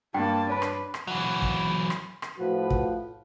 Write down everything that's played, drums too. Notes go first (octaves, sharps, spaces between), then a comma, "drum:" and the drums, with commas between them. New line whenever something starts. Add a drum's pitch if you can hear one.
G2 A#3 G5 A5
D4 B4 C#5 B5
drum: rim click
drum: rim click
E3 F#3
drum: kick
drum: rim click
drum: rim click
A2 F3 F#4 B4
drum: kick